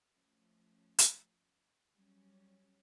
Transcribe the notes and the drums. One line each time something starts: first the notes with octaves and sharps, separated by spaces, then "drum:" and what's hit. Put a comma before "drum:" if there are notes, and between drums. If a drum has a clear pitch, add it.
F3 A3 C#4
drum: hi-hat
F#3 G3 C#4